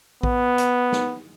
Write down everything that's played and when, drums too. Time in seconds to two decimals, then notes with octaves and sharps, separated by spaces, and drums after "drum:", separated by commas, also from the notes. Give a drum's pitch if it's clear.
0.23 B3, drum: kick A#1
0.58 drum: hi-hat
0.92 drum: snare